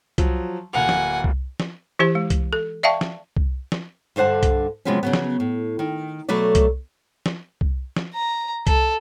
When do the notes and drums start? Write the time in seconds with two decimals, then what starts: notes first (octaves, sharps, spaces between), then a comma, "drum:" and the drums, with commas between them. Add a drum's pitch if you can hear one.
0.18 F3 F#3, drum: kick C2, hi-hat
0.73 D1 A#3 F#5 G#5 F7
0.89 drum: snare
1.24 drum: kick C2
1.60 drum: snare
1.99 E3 E4 G4 C5
2.15 G#3
2.30 drum: kick C2, hi-hat
2.53 A4
2.83 D5 E5 F5 G5 A5 C#6
3.01 drum: snare
3.37 drum: kick C2
3.72 drum: snare
4.16 G2 D3 C5 F#5 A5
4.43 drum: kick C2, hi-hat
4.85 C3 F3 F#3 G#3 B3 C#4
5.03 C#3 F#3 B3
5.13 drum: snare
5.40 A2
5.79 D#3
6.29 B2 F#3 A3 B4 D5
6.55 drum: kick C2, hi-hat
7.26 drum: snare
7.61 drum: kick C2
7.96 drum: snare
8.14 A#5
8.67 A4, drum: kick C2, hi-hat